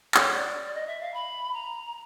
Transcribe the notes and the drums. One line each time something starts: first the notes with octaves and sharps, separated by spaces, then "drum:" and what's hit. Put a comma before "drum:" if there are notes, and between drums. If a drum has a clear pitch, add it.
C#5, drum: clap
D5
D#5
E5
F5
B5
A#5